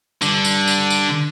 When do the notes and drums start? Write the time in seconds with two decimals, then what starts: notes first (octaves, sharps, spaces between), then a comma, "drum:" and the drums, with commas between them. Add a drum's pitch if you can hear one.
0.22 G2 D3, drum: tambourine
0.45 drum: tambourine
0.67 drum: tambourine
0.90 drum: tambourine